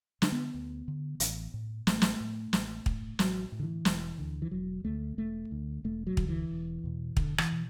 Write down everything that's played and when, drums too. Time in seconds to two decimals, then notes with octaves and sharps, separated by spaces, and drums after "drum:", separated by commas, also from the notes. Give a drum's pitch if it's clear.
0.22 D3 D4, drum: snare
0.32 B3
0.54 D2
0.88 D3
1.20 A1, drum: hi-hat
1.54 A2
1.87 A1 A3, drum: snare
2.02 drum: snare
2.20 A2
2.53 A1, drum: snare
2.86 A2, drum: kick
3.19 A1 F#3, drum: snare
3.52 A2
3.60 D3
3.63 E3
3.85 E1, drum: snare
4.18 D2 D3
4.42 E3
4.51 E1 F#3
4.85 D2 D3 A3
5.18 E1 A3
5.51 D2 D3
5.84 E1 A3
6.07 F#3
6.17 D2 D3, drum: kick
6.29 E3
6.51 E1
6.84 E2 B2
7.17 E1 D3, drum: kick
7.38 E3, drum: rim click
7.52 B2